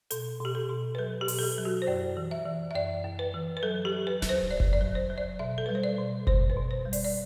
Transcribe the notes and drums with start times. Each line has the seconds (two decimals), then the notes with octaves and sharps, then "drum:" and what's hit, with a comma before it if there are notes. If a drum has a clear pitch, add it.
0.11 B2 A4, drum: hi-hat
0.40 B2 G4
0.55 A4
0.70 B2
0.95 B4
0.99 F#3 A4
1.21 G4
1.28 B2, drum: open hi-hat
1.39 A4
1.43 G4
1.58 F#3
1.65 F#4
1.82 C5
1.87 F#2 D5
2.17 E3
2.31 E5
2.45 E3
2.71 E5
2.75 F#2 D5
3.04 F#2
3.19 B4
3.34 E3
3.57 B4
3.63 F#3 A4
3.85 G4
3.92 F#3
4.07 B4
4.22 F#3, drum: snare D1
4.29 C5
4.51 F#3 D5
4.60 drum: kick F#1
4.73 D5
4.81 F#3
4.95 C5
5.10 F#3
5.18 D5
5.39 B2 E5
5.58 A4
5.66 G3 B4
5.75 C5
5.84 D5
5.98 B2
6.27 B2 C5, drum: kick F#1
6.50 B4
6.57 B2
6.71 C5
6.85 G3
6.93 D5, drum: open hi-hat
7.05 D5